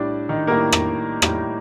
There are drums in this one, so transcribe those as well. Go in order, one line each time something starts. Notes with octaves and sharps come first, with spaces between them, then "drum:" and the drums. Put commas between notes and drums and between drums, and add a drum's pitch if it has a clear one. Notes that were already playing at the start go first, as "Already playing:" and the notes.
Already playing: A2 G3 D4 D5
D#3 D#4
A2 G3 A#3 A#4
drum: rim click
A2 G3, drum: rim click